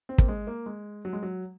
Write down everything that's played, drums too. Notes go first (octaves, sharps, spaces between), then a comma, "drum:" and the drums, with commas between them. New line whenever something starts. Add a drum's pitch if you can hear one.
C4
A#3, drum: kick
G#3
A#3
G#3
F#3
G#3
F#3